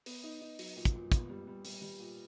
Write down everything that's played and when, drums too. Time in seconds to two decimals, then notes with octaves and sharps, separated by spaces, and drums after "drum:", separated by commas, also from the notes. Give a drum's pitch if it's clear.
0.06 B3, drum: open hi-hat
0.24 D#4
0.41 D#4
0.59 F#3, drum: open hi-hat
0.76 A#2
0.85 drum: kick, hi-hat
0.95 A#2
1.12 B3, drum: kick, hi-hat
1.30 G3
1.47 G3
1.65 G3, drum: open hi-hat
1.82 G3
1.99 A#2